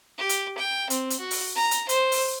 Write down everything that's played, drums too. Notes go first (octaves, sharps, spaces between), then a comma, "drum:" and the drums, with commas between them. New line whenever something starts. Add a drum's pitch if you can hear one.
G4
drum: hi-hat
G5
C4, drum: hi-hat
drum: hi-hat
F#4
drum: open hi-hat
A#5
drum: hi-hat
C5, drum: hi-hat
drum: open hi-hat